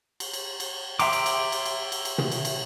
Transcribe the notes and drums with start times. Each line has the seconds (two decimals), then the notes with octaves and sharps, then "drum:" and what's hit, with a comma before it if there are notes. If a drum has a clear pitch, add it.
0.20 drum: cymbal
0.33 drum: cymbal
0.60 drum: cymbal
0.99 E5 G5 A#5 C6 D6, drum: cymbal
1.13 drum: cymbal
1.26 drum: cymbal
1.52 drum: cymbal
1.66 drum: cymbal
1.92 drum: cymbal
2.05 drum: cymbal
2.18 drum: tom
2.32 drum: cymbal
2.45 drum: cymbal